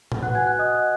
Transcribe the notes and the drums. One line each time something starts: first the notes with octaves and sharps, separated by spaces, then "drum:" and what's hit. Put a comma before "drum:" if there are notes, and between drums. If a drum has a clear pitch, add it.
drum: tom A2
F#4 B4 F#5 F#6
G#5 G#6
F#5 F#6
D#5 D#6